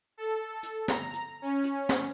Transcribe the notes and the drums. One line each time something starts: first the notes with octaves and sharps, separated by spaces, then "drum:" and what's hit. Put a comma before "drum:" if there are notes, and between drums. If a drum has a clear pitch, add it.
A4
drum: hi-hat
A#5, drum: snare
drum: hi-hat
C#4
drum: hi-hat
drum: snare